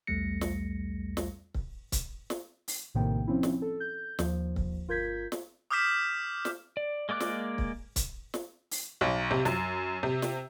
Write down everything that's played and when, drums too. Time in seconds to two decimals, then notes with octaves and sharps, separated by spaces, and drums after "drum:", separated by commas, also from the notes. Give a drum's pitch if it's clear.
0.07 B1 E2 G3 A3 A#6 C#7
0.41 drum: snare
1.17 drum: snare
1.55 drum: kick C#1
1.92 drum: kick C#1, hi-hat
2.30 drum: snare
2.68 drum: open hi-hat
2.94 A#1 A2 C3 D#3 A#3 G5
3.27 F3 C4 C#4 E4
3.43 drum: snare
3.62 A4
3.80 G6
4.19 D#2 F3, drum: snare
4.56 drum: kick C#1
4.88 G1 F4 A#4 G6 G#6 B6
5.32 drum: snare
5.71 D6 D#6 F6 G6 B6 E7
6.45 drum: snare
6.77 D5
7.09 G#3 A#3 D5 D6 F#6
7.20 drum: snare
7.58 drum: kick C#1
7.96 drum: kick C#1, hi-hat
8.34 drum: snare
8.71 drum: open hi-hat
9.01 B1
9.31 C3
9.45 F#2, drum: snare
10.03 C3
10.22 drum: snare